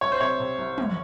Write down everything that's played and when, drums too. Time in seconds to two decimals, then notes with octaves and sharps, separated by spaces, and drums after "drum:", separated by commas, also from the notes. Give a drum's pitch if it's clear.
0.01 C2 C#5
0.12 C5
0.21 C3 C#5
0.40 C3
0.58 C2
0.78 G1, drum: tom